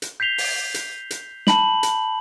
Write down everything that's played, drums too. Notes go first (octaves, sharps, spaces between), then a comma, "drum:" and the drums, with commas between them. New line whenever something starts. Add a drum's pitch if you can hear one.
drum: hi-hat
G6 B6 C7 F7 G7
drum: open hi-hat
drum: hi-hat
drum: hi-hat
A5 B5 F#7, drum: snare
drum: hi-hat